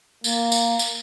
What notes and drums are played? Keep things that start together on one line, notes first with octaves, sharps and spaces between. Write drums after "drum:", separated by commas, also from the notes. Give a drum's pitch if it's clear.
A#3, drum: tambourine
drum: tambourine
drum: tambourine